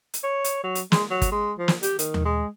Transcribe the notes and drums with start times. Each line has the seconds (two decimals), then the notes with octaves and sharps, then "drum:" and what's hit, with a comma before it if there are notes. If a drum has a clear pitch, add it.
0.14 drum: hi-hat
0.24 C#5
0.44 drum: hi-hat
0.64 F#3
0.75 drum: hi-hat
0.92 G#3, drum: snare
1.11 F#3
1.22 drum: kick, hi-hat
1.32 G#3
1.58 F3
1.68 drum: snare
1.83 G4, drum: hi-hat
1.99 D#3, drum: hi-hat
2.14 drum: tom D#2
2.25 G#3